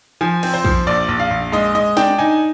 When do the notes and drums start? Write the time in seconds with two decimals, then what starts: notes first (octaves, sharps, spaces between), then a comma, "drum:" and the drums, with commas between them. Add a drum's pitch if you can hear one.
0.21 F3 G#5
0.43 C4, drum: cymbal
0.54 C5
0.65 F3, drum: kick
0.87 A#1 D5
1.08 A#1
1.20 F5
1.30 A#1
1.52 G#3 D#5
1.75 G#3 D#5
1.97 D4 G5, drum: snare
2.19 D#4 G#5